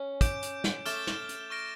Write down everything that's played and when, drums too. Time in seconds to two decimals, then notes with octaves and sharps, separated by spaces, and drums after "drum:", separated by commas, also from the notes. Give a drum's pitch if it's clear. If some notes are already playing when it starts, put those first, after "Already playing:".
Already playing: C#4
0.21 D6 G6 D7, drum: kick, hi-hat
0.42 drum: hi-hat
0.64 drum: snare
0.86 A3 D6 F6 A6 E7 G7, drum: hi-hat
1.07 drum: snare
1.29 drum: hi-hat
1.50 C#6 F6 A#6 D7